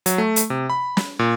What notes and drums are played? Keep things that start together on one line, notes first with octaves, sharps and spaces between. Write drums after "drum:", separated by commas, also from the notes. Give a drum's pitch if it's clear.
F#3, drum: hi-hat
A3
drum: hi-hat
C3
B5
drum: snare
A#2